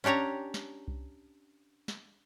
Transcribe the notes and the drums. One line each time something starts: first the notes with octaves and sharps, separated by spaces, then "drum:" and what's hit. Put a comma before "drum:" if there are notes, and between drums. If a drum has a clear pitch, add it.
C#4 D4 G4 C#5 A#5
drum: snare
drum: kick C2
drum: snare